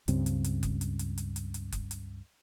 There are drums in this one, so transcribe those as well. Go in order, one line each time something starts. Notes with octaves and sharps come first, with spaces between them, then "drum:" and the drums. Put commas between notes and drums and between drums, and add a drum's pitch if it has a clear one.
C#2 G2 C#3 C4, drum: hi-hat
drum: hi-hat
drum: hi-hat
drum: kick F#1, hi-hat
drum: hi-hat
drum: hi-hat
drum: hi-hat
drum: hi-hat
drum: hi-hat
drum: kick F#1, hi-hat
drum: hi-hat